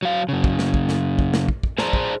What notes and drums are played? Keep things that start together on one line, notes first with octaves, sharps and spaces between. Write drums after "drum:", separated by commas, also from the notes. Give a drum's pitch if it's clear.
F#3 F5
F#2 C#3
drum: kick
drum: snare
drum: kick
drum: snare
drum: kick
drum: snare
drum: kick
drum: kick
G#4 C5 D5 A5 A#5, drum: snare
drum: kick